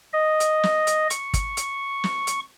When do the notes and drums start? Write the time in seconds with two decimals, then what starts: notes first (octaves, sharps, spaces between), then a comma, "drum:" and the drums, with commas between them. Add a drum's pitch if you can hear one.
0.13 D#5
0.40 drum: hi-hat
0.63 drum: snare
0.87 drum: hi-hat
1.10 C#6, drum: hi-hat
1.34 drum: kick, hi-hat
1.57 drum: hi-hat
2.04 drum: snare
2.27 drum: hi-hat